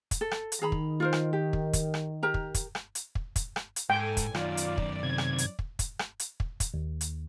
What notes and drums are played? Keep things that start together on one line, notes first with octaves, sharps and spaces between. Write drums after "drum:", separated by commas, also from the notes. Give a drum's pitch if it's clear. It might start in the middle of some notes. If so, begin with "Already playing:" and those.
drum: kick, hi-hat
A4
drum: rim click
drum: hi-hat
D#3 G#4 A#5 B5
drum: kick
F4 A#4 C5
drum: rim click
G4
drum: kick
drum: kick, hi-hat
drum: rim click
G4 A#4 A#5
drum: kick
drum: kick, hi-hat
drum: rim click
drum: hi-hat
drum: kick
drum: kick, hi-hat
drum: rim click
drum: hi-hat
G#2 A4 G5 G#5
drum: kick, hi-hat
F#2 D#3 F4 D5, drum: rim click
drum: hi-hat
drum: kick
C3 G#6
drum: rim click
drum: hi-hat
drum: kick
drum: kick, hi-hat
drum: rim click
drum: hi-hat
drum: kick
drum: kick, hi-hat
D#2
drum: hi-hat